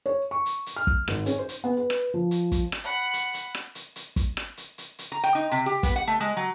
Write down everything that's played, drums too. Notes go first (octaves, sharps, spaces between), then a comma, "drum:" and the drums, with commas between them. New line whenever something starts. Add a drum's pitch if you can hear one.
C#5
C#6
drum: hi-hat
drum: hi-hat
F6
drum: kick
G#1, drum: rim click
C#4, drum: hi-hat
C5
drum: hi-hat
B3
B4
drum: rim click
F3
drum: hi-hat
drum: kick, hi-hat
drum: rim click
F#5 B5
drum: hi-hat
drum: hi-hat
drum: rim click
drum: hi-hat
drum: hi-hat
drum: kick, hi-hat
drum: rim click
drum: hi-hat
drum: hi-hat
drum: hi-hat
A#5
G5
D#4
C3
G4
B3, drum: kick, hi-hat
F#5
A3
G#3
F#3